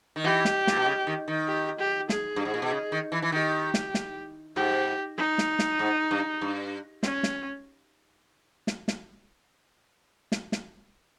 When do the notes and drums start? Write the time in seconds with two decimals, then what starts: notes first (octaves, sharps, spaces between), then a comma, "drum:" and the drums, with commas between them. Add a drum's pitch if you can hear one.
0.16 D#3
0.24 E3 G4
0.45 drum: snare
0.67 A#2, drum: snare
0.76 B2
0.86 C#3
1.07 D#3
1.28 D#3
1.47 G4
1.79 G4
2.09 G#4, drum: snare
2.36 G2
2.45 G#2
2.54 A#2
2.62 B2
2.71 C#3
2.92 D#3
3.12 E3
3.22 E3
3.32 D#3 G4
3.74 drum: snare
3.94 drum: snare
4.56 G#2 G4
5.18 D#4
5.38 drum: snare
5.59 drum: snare
5.79 G#2
6.11 G2
6.41 G2
7.03 C#4, drum: snare
7.23 drum: snare
8.67 drum: snare
8.88 drum: snare
10.32 drum: snare
10.52 drum: snare